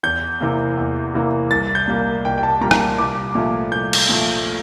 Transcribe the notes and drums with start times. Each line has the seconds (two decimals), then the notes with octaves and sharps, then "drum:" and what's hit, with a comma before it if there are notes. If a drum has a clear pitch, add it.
0.03 E2 G6
0.41 C3 E3 A#3
0.77 E2
1.14 C3 E3 A#3
1.51 C2 A6
1.75 G6
1.87 A#2 G3 A#3
2.24 C2 G5
2.38 G5
2.43 A5
2.61 A#2 G3 A#3 A#5
2.71 drum: rim click
2.98 C2 D6
3.35 A#2 F3 A3
3.72 C2 G6
3.93 drum: cymbal
4.09 A#2 F3 A3